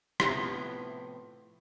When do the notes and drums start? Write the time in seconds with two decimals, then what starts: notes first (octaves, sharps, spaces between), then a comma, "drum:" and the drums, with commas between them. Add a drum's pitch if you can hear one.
0.20 A2 C3 F3 B3, drum: rim click